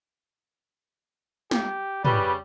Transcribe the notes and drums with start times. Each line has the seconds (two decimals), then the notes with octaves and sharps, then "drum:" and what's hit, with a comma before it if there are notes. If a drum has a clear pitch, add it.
1.51 G4, drum: snare
2.05 C#3 G3 B4, drum: tom